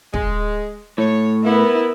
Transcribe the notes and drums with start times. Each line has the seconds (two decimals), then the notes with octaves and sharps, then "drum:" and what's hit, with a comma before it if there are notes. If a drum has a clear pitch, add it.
0.14 G#3, drum: kick
0.98 A2 C#5
1.44 B3 E4 A#4